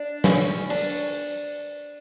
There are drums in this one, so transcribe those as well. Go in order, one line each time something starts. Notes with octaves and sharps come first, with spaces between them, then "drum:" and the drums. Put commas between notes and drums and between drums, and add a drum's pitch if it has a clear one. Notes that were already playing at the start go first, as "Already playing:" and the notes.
Already playing: D4
C#4, drum: snare
D4, drum: open hi-hat